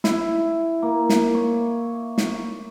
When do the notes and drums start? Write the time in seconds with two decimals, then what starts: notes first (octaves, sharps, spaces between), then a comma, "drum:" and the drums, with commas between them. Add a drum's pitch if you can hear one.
0.04 E4, drum: snare
0.82 A#3
1.09 drum: snare
1.35 C#5
2.18 drum: snare